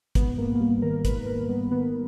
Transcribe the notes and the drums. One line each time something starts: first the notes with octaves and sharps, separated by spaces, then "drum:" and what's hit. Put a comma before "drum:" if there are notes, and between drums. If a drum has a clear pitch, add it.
G#2 B3, drum: kick, hi-hat
G#2 A#3
A#3
G3 B3
D#3 A#4
G#2 B4, drum: kick, hi-hat
G#2 A#4
G3 B3
D#3 B3